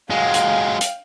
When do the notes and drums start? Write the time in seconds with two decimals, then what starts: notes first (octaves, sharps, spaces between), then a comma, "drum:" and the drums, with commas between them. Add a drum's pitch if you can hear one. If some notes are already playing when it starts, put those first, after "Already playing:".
0.11 F#3 G#3 F5 G5
0.34 drum: hi-hat
0.81 drum: hi-hat